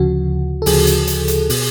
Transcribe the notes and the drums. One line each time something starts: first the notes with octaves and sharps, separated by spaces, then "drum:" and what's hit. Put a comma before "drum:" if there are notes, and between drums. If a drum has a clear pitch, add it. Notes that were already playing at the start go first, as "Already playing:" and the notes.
Already playing: D2 C#3 F3 F#4
A4
D2 C#3 F3 G#4, drum: open hi-hat
drum: hi-hat
drum: hi-hat
drum: hi-hat
B2, drum: open hi-hat